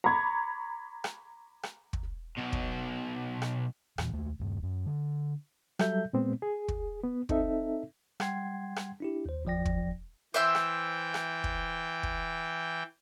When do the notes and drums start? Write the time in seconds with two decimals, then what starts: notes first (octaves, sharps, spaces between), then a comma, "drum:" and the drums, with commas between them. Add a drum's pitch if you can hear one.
0.04 A#5 B5 C#6 D6 G#6
1.04 drum: rim click
1.63 drum: rim click
1.93 drum: kick
2.38 B1 B2
2.53 drum: kick
3.42 drum: rim click
3.98 E2 A#2 E3, drum: rim click
4.13 D#2 A3
4.40 D#1 G2
4.63 F#2
4.86 D3
5.79 F#3 G3 A4 E5 G6, drum: rim click
6.13 A#2 G#3 B3 C4
6.42 G#4
6.68 drum: kick
7.04 B3
7.29 C4 D#4 A4 E5, drum: kick
8.20 G3 F#5 G5 C6 G#6 C7, drum: rim click
8.76 drum: rim click
9.00 D4 E4 G4
9.26 D#2 C5
9.45 G1 E2 F3 D5 G5 A#6
9.66 drum: kick
10.34 E3 C5 E5 G5 E6
10.55 drum: rim click
11.14 drum: rim click
11.44 drum: kick
12.03 drum: kick